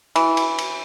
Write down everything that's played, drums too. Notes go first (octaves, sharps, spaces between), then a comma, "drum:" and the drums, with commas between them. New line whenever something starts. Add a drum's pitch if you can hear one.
E3, drum: cymbal
drum: cymbal
drum: cymbal